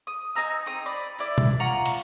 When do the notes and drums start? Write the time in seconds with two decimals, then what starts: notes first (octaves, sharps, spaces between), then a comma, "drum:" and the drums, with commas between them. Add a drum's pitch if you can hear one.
0.07 D#6
0.35 D#4 G#5 A#5 E6
0.66 C4 D#4 D#6
0.86 D5 B5
1.19 E4 D5
1.38 drum: tom
1.60 F4 F#5 A#5 C#6
1.85 drum: cymbal